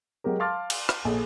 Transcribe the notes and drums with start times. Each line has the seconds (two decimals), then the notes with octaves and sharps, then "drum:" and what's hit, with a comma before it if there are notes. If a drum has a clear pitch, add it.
0.24 F#3 G#3 G4 A#4
0.40 F5 A5 C6 D6 F6 A6
0.70 drum: cymbal
0.89 drum: rim click
1.05 A#1 G#4 A4